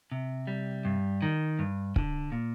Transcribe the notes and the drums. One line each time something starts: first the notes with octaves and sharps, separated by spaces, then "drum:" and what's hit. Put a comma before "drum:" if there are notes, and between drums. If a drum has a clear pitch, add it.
C3
G3
G2
D#3
G2
D3, drum: kick
A#2